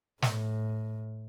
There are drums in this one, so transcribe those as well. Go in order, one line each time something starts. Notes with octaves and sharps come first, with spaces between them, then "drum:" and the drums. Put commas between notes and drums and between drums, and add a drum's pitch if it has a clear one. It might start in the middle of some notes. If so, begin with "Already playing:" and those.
A2, drum: snare